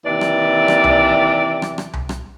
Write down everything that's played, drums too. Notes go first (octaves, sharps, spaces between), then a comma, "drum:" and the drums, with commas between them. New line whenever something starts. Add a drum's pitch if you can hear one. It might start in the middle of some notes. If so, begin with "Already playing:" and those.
D#2 C3 E3 D5
drum: rim click
drum: rim click
drum: tom C2
drum: rim click
drum: rim click
drum: tom C2
drum: rim click